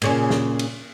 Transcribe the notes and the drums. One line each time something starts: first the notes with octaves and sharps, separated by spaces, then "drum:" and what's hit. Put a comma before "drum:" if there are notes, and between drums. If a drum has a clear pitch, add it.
A#2 C#3 C#4, drum: cymbal
drum: snare
drum: cymbal